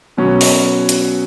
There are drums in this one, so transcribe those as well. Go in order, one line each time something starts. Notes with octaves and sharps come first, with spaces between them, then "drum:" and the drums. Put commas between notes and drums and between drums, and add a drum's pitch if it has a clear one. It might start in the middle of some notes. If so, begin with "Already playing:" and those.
B2 F#3 C#4
drum: open hi-hat
drum: hi-hat